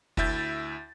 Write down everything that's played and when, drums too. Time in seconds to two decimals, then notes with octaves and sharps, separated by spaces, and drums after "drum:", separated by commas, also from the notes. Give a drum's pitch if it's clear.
0.17 D2 E4 E5 G6 A6, drum: kick